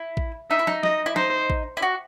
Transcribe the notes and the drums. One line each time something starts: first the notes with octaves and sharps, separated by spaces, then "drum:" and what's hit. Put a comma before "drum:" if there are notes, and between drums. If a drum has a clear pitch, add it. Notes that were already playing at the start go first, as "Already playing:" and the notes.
Already playing: E4
drum: kick A1
D#4 E5
E4
D#4, drum: snare
D#5, drum: snare
E4
D#4 C5, drum: snare
drum: kick A1
E4
F#4